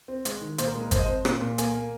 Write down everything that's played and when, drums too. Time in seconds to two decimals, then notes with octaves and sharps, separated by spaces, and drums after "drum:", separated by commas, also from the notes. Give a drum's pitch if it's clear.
0.08 C4
0.25 G#3, drum: hi-hat
0.41 D#3
0.58 A#2 C5, drum: hi-hat
0.67 A#4
0.75 G#3 G#4
0.83 A#4
0.91 F3 C5, drum: kick, hi-hat
0.99 D#5
1.06 C4 C5
1.25 A#2, drum: rim click
1.41 A#2
1.58 A#3 G#5, drum: hi-hat
1.74 A#3